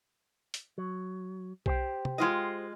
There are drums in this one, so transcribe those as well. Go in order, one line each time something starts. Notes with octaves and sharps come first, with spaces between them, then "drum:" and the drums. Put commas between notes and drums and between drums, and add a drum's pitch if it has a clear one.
drum: hi-hat
F#3
G4 C5 G5, drum: kick B1
drum: tom
G#3 F4 D#5